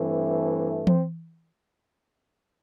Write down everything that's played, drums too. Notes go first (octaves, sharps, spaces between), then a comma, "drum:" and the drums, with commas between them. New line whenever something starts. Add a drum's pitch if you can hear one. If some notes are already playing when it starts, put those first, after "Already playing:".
Already playing: G2 E3 A3 C4
C4, drum: tom E3